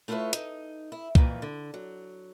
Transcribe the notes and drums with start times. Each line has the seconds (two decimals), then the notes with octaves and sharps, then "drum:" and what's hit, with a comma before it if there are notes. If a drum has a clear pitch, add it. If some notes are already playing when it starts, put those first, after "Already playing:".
0.08 A3 E4 F4 G#4 B4 C#5
0.33 D#4, drum: hi-hat
0.92 E4
1.15 F2 A#2 D#3 E3, drum: kick C2
1.42 D3
1.74 F#3